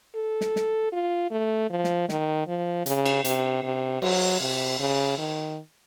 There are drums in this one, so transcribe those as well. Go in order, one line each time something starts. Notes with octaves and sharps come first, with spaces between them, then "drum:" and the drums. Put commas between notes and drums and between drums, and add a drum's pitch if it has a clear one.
A4
drum: snare
drum: snare
F4
A3
F3
drum: snare
D#3, drum: snare
F3
C#3, drum: hi-hat
drum: cymbal
C3, drum: hi-hat
C3
F#3, drum: cymbal
C3
C#3
D#3